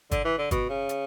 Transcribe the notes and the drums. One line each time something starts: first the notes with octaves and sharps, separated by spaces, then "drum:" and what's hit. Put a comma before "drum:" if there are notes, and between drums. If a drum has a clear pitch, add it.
D3, drum: kick, hi-hat
E3
D3
B2, drum: kick, hi-hat
C#3
drum: hi-hat